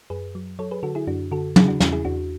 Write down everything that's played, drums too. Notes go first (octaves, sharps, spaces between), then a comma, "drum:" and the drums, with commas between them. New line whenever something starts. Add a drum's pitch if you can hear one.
F#2 G#4 B4
F#3
F#3 A4 C#5
G#4 B4
D3 F#4 A4
E4 G#4
F#2 D4 F#4
D3 F#4 A4
C#3 E4 G#4, drum: tom
D4 F#4
E2 C#4 E4, drum: snare
E4 G#4
E2 D4 F#4